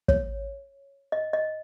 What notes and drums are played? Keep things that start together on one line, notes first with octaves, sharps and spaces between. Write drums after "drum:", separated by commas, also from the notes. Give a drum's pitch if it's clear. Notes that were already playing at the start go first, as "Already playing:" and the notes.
C#5, drum: kick
D#5
D#5